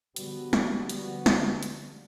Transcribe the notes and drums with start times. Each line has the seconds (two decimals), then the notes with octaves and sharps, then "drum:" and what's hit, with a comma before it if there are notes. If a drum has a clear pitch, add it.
0.16 D3 F3 G3 B3 F#4, drum: hi-hat
0.53 drum: snare
0.89 drum: hi-hat
1.26 drum: snare
1.63 drum: hi-hat